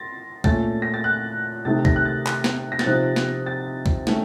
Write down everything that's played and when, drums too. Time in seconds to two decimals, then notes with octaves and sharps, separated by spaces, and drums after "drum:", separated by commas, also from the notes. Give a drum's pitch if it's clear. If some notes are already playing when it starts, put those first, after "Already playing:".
Already playing: C6 A6 A#6
0.44 A#2 A3 C#4 A6, drum: kick
0.82 A#6
0.94 A6
1.04 F#6
1.65 C3 D#3 A3 D#4 A6
1.85 A#6, drum: kick
1.96 F#6
2.05 A6
2.26 drum: clap
2.44 drum: snare
2.72 A#6
2.79 A6, drum: snare
2.86 C3 F3 C4 D#4 F#6
3.16 drum: snare
3.46 A6
3.86 drum: kick
4.07 D#3 A3 C#4, drum: snare